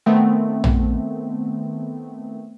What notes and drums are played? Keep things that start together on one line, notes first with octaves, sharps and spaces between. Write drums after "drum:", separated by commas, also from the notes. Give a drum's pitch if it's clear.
D#3 A3 B3 C4
drum: tom A#1